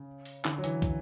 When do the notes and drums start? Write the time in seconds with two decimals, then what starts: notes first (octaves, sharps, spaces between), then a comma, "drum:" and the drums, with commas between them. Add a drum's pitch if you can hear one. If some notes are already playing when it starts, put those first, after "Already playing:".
Already playing: C#3
0.25 drum: open hi-hat
0.45 D3, drum: clap
0.58 F#3
0.64 E3, drum: hi-hat
0.82 drum: kick, hi-hat